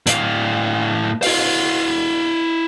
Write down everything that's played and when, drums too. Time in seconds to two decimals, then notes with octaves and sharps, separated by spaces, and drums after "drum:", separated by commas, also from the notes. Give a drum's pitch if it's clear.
0.07 A2 F5, drum: hi-hat
1.23 E4 F5, drum: open hi-hat